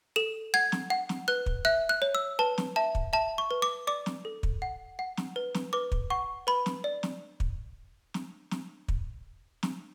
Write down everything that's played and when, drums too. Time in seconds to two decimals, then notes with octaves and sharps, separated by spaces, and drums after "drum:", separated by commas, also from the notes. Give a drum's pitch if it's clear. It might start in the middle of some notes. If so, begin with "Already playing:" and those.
0.16 A4 E7
0.54 F#5 G#6
0.72 drum: snare
0.90 F#5
1.09 drum: snare
1.28 B4 F#6
1.46 drum: kick
1.65 E5 F#6
1.89 F#6
2.02 C#5
2.15 E6
2.39 B4 A5
2.58 drum: snare
2.76 E5 A5
2.95 drum: kick
3.13 E5 A5
3.38 C#6
3.51 B4
3.62 D6
3.87 D5 D6
4.06 drum: snare
4.25 A4
4.43 drum: kick
4.62 F#5
4.99 F#5
5.17 drum: snare
5.36 B4
5.54 drum: snare
5.73 B4 D6
5.92 drum: kick
6.10 F#5 C#6
6.47 B4 B5
6.66 drum: snare
6.84 D5
7.03 drum: snare
7.40 drum: kick
8.14 drum: snare
8.51 drum: snare
8.88 drum: kick
9.63 drum: snare